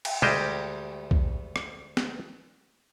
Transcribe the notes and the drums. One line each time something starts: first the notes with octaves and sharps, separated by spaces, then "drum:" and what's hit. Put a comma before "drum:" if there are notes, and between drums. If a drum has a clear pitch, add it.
drum: cymbal
D2 G3 G#3 G4 C5 D#5, drum: tom B2
drum: kick
drum: rim click
drum: snare